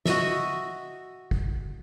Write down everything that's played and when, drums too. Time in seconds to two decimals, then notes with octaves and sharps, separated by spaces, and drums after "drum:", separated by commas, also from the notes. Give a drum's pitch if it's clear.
0.06 F#4 D#5 E5, drum: snare
1.31 drum: kick